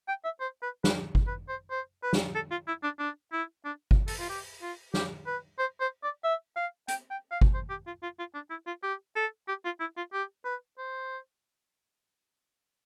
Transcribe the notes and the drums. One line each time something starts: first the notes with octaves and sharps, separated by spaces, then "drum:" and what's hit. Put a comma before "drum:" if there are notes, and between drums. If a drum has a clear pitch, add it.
G5
E5
C5
B4
B4, drum: snare
drum: kick G1
B4
C5
C5
B4
drum: snare
A4
F4
E4
D4
D4
E4
D4
drum: kick G1
A4, drum: open hi-hat
F4
G4
F4
G4, drum: snare
B4
C5
C5
D5
E5
F5
G5, drum: hi-hat
G5
F5
drum: kick G1
C5
G4
F4
F4
F4
D4
E4
F4
G4
A4
G4
F4
E4
F4
G4
B4
C5